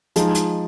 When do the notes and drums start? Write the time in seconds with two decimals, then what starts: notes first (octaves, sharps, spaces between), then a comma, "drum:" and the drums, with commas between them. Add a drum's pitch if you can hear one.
0.16 F3 G#3 D#4, drum: hi-hat
0.35 drum: hi-hat